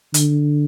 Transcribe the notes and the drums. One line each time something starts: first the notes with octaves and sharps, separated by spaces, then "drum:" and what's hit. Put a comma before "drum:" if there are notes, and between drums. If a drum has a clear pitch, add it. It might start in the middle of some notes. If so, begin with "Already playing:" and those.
D3, drum: hi-hat